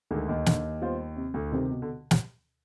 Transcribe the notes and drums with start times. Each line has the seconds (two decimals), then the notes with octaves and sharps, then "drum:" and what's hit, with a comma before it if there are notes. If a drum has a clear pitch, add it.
0.11 D2 D3 D#3 G#3
0.28 D#2 D#3
0.46 D3, drum: snare
0.82 G3 B3 F4 C5
1.17 C3
1.34 D2 D3
1.52 C3 D#3 G3 C4 G4
1.70 B2
1.82 D3
2.11 drum: snare